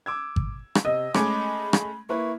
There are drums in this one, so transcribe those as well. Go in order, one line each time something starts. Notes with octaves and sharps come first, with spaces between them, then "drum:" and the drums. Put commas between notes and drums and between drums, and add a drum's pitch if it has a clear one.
D6 E6 G#6
drum: kick G#1
drum: rim click
C3 D#5 E6
G#3 A3 C#4 B5 D6 G#6, drum: rim click
drum: rim click
A#3 E4 B4 C#6